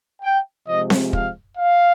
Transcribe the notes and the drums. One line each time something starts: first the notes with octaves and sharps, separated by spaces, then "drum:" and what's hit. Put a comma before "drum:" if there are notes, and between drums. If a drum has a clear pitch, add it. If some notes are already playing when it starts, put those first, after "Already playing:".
G5
C3 F3 G#3 D#5
drum: snare C4
F5, drum: kick
F5